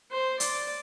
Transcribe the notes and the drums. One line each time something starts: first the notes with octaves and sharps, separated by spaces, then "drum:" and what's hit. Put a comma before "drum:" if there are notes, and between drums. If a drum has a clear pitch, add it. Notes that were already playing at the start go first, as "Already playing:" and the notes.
C5
D5, drum: hi-hat